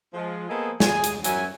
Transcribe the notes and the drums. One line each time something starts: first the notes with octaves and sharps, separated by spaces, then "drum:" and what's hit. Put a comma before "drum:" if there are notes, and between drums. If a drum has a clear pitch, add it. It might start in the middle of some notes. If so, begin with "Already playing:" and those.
F3 G#3
A#3 B3 G#4 A4 C5 D#5
G#4 G#5, drum: snare
drum: hi-hat
F#2 F#3 C#4 E5 G#5, drum: hi-hat